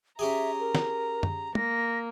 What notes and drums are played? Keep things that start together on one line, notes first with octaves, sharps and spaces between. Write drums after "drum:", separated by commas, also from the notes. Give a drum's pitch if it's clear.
C#4 G4 G#4 E5 A#5
A#4
drum: snare
drum: tom F#2
A#3 A#6, drum: tom